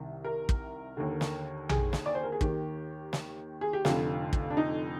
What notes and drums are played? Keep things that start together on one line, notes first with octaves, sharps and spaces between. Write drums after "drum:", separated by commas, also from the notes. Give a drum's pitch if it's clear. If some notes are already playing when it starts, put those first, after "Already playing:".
Already playing: C2 C3 D#3
A#4
drum: kick
D#2 D3
drum: snare
G#4, drum: tom A#1
drum: snare
D5
C5
A#4
G#4
D#2 D#3 G4, drum: kick
drum: snare
G#4
G4
F1 F2 D3 F4, drum: snare
drum: kick
D4
D#4